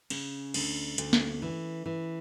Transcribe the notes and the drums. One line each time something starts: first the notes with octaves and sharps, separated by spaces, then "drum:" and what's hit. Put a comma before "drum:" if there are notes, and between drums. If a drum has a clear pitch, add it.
C#3 C#4, drum: cymbal
D2, drum: cymbal
D2, drum: hi-hat
drum: snare
E3
E3